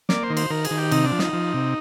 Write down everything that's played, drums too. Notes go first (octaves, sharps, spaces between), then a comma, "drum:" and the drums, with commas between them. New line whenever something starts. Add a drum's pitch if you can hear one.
A#3 D5, drum: snare
C5
D#3
C5, drum: cymbal
D#3 A#4
G#4, drum: cymbal
D#3
G4
C3 D#4, drum: cymbal
D4
F3
D#4, drum: snare
F3
C3